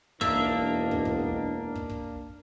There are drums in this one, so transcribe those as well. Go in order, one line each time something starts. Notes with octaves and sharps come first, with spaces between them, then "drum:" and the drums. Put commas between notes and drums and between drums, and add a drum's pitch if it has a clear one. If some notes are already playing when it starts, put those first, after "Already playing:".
E1 A#3 D4 D#4 E5, drum: kick
drum: kick
drum: kick
drum: kick
drum: kick